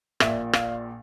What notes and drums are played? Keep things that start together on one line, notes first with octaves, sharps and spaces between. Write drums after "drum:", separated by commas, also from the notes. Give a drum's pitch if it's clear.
A#1 A#2 E5, drum: rim click
F5, drum: rim click